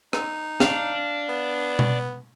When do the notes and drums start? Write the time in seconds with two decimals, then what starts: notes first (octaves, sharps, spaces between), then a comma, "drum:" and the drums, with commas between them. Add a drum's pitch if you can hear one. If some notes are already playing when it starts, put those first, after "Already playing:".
0.13 D#4, drum: rim click
0.60 D5 F5 A5, drum: snare
1.29 B3
1.79 drum: tom B2